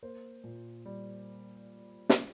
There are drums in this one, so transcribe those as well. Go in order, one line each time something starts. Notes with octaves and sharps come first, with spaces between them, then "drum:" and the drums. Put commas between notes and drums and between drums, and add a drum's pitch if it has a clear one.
A#3 C5
A#2
G3
drum: snare